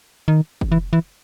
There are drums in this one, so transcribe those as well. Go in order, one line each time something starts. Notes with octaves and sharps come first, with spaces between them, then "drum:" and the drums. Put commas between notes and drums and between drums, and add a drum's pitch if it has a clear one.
D#3
drum: kick
E3
E3